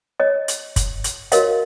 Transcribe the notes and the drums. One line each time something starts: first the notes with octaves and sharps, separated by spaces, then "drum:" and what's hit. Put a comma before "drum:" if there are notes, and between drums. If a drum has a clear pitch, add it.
C#5 D#5
drum: hi-hat
drum: kick, hi-hat
drum: hi-hat
F#4 A#4 C#5 D#5 F5, drum: hi-hat